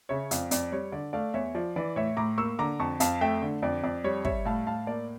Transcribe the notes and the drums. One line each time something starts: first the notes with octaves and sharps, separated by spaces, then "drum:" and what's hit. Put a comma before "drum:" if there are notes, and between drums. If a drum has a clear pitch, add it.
C#3 C#5 E5
F2 D5 F5, drum: hi-hat
F2 D5, drum: hi-hat
G3 C#5
D3 D5
A3 D5 F5
E2 C#5 E5
F3 D5
E3 D5
A2 C#5 E5
A2 A#5 D6
A#3 C#6 E6
D3 A#5 D6
F2 A5 C#6
F2 F5 A5, drum: hi-hat
A3 E5 G5
D3
F2 D5
F2 D5
G3 C#5
G3 C#5 E5, drum: kick
A2 F5 A5
A2 F5 A5
A#3 D5